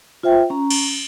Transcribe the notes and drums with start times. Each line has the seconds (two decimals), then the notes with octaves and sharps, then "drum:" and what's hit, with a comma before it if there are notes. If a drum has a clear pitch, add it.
0.23 F4 C5 E5 G5
0.50 C#4 A#5
0.70 drum: cymbal